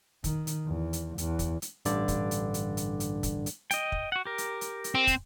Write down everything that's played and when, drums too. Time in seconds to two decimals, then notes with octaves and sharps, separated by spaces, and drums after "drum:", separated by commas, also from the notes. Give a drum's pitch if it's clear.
0.24 D#3, drum: kick, hi-hat
0.47 drum: hi-hat
0.67 E2
0.93 drum: hi-hat
1.18 E2, drum: hi-hat
1.39 drum: kick, hi-hat
1.62 drum: hi-hat
1.85 A1 G2 D3 D5, drum: hi-hat
2.08 drum: kick, hi-hat
2.31 drum: hi-hat
2.54 drum: hi-hat
2.77 drum: hi-hat
3.00 drum: hi-hat
3.23 drum: kick, hi-hat
3.46 drum: hi-hat
3.71 D#5 G5, drum: hi-hat
3.92 drum: kick
4.12 F#4 F#5
4.25 G4 A#4
4.38 drum: hi-hat
4.61 drum: hi-hat
4.84 drum: hi-hat
4.95 C4
5.07 drum: kick, hi-hat